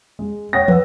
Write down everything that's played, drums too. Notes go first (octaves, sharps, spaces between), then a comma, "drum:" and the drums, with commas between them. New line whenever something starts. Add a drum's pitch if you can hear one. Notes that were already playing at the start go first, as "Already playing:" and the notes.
G#3
C#5 F#5 G5 D#6 A#6
B4 F#5 E6, drum: tom